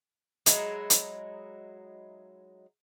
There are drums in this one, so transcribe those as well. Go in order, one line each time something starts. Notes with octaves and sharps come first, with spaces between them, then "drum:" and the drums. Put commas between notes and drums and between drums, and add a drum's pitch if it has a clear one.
F#3 G#3 D#4 E4, drum: hi-hat
drum: hi-hat